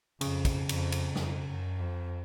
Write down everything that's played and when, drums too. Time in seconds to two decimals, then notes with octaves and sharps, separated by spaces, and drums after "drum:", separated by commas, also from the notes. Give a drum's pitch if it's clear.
0.21 F2 C#3, drum: cymbal
0.45 drum: kick, cymbal
0.69 F2, drum: cymbal
0.92 drum: cymbal
1.15 F2, drum: snare
1.48 F#2
1.79 F2